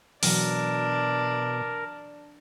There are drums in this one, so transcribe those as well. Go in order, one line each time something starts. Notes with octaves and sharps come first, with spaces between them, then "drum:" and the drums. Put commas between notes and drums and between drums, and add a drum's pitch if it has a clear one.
B2 E3 F#3 D4 A#4, drum: open hi-hat